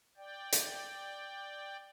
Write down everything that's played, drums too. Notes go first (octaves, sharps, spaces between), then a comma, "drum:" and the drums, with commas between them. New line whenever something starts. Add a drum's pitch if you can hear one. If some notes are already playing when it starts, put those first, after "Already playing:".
D5 G5
drum: hi-hat